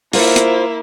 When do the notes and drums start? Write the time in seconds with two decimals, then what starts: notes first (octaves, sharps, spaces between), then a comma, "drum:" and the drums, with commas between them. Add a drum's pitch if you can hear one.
0.13 A#3 E4 F4 C5, drum: open hi-hat
0.36 drum: hi-hat